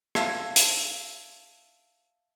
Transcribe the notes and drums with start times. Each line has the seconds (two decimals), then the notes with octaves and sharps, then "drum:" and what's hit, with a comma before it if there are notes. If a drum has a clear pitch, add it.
0.15 E5 F5 A5 E6 G#6, drum: rim click
0.56 drum: hi-hat